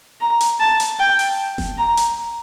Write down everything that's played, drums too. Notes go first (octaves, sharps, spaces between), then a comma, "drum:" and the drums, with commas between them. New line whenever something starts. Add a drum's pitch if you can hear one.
A#5
drum: hi-hat
A5
drum: hi-hat
G5
drum: open hi-hat
drum: snare F1
A#5
drum: hi-hat